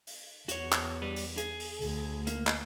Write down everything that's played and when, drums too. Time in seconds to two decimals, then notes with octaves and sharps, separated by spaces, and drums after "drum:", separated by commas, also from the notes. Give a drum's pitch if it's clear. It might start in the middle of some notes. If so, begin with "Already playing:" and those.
0.07 drum: open hi-hat
0.48 E2 F#4 C#5, drum: hi-hat
0.72 drum: clap
1.02 G3 B4
1.16 drum: open hi-hat
1.37 G#4, drum: hi-hat
1.60 drum: open hi-hat
1.81 D2, drum: open hi-hat
2.27 A#3, drum: hi-hat
2.47 drum: clap